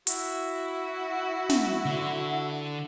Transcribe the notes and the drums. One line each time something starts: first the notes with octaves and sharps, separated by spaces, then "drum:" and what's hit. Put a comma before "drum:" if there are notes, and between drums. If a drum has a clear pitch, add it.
E4 F#4, drum: hi-hat
drum: snare
D3